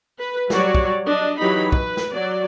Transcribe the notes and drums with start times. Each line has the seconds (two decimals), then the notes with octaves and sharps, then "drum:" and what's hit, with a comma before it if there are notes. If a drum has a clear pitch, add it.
0.19 B4
0.50 F#3 G3 F#4 C#5 D5, drum: snare
0.75 drum: kick
1.07 D4 D#5
1.40 E3 F#3 D#4 G4 B5
1.72 B4, drum: kick
1.97 drum: snare
2.13 F#3 D5